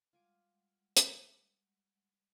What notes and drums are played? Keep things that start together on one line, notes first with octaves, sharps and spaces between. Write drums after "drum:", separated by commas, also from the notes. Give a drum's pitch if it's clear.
G3 G#3 F4 F#5 G#5 D6
drum: hi-hat